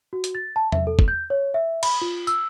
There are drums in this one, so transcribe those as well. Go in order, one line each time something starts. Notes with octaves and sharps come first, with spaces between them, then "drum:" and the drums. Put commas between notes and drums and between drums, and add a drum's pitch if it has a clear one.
F#4
drum: hi-hat
A6
A5
E5, drum: tom E2
A4
drum: kick
G6
C#5
E5
B5, drum: cymbal
F4
E6, drum: tambourine